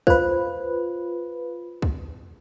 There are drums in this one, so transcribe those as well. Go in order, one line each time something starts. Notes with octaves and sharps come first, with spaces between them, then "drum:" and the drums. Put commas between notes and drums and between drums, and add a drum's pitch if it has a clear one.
F4 B4 C5, drum: kick
drum: kick